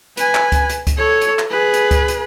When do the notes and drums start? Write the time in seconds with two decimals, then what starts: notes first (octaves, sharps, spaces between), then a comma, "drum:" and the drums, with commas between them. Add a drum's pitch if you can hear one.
0.17 B4 G#5, drum: hi-hat
0.35 drum: clap
0.52 drum: kick C#2, hi-hat
0.69 drum: hi-hat
0.87 drum: kick C#2, hi-hat
0.97 A4 C#5
1.22 drum: hi-hat
1.39 drum: clap
1.50 G#4 B4
1.74 drum: hi-hat
1.91 drum: kick C#2, hi-hat
2.08 drum: hi-hat